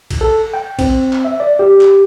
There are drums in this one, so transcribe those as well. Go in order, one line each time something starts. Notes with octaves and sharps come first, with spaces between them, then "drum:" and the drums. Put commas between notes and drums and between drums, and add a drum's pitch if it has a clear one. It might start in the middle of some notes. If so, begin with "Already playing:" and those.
drum: kick, cymbal
A4
G5
C4, drum: kick, cymbal
drum: clap
E5
D5
G4
drum: clap